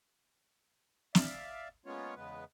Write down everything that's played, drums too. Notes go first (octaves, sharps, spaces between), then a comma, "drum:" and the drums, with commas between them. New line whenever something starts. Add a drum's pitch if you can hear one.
D5 E5 F5, drum: snare
G#3 A#3 B3 C#4 F4 C#5
E2 C#3 G#3 B3 B4